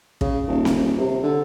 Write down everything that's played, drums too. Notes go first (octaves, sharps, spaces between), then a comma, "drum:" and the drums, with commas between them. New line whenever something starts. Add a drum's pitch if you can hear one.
C#3, drum: kick
D#1
drum: snare C4
C3
D3